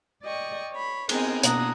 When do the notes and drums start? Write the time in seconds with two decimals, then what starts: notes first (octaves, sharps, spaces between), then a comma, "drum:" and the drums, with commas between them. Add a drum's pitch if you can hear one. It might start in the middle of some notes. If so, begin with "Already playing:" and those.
0.23 D5 D#5 G5 C#6
0.73 C#5 B5
1.09 B3 C4 G#4 A#4 D#5 G5, drum: cymbal
1.43 B2 A#3 D4 F#5 A#5 D#6, drum: hi-hat